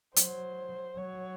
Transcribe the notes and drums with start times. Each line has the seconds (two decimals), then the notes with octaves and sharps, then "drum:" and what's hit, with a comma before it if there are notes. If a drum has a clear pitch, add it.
0.16 F#3 C5, drum: hi-hat
0.97 F#3 C#5